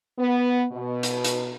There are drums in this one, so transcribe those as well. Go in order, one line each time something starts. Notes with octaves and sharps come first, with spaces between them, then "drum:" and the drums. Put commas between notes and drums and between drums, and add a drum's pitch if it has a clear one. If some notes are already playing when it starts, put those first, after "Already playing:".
B3
B2
drum: hi-hat
drum: hi-hat